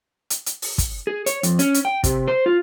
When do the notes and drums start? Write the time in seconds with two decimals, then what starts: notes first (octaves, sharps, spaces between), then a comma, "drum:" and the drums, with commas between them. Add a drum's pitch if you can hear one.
0.30 drum: hi-hat
0.46 drum: hi-hat
0.62 drum: open hi-hat
0.78 drum: kick, hi-hat
1.07 G#4
1.26 C#5, drum: hi-hat
1.43 F2, drum: hi-hat
1.59 C#4, drum: hi-hat
1.74 drum: hi-hat
1.85 G5
2.04 C3, drum: kick, hi-hat
2.28 C5
2.46 F4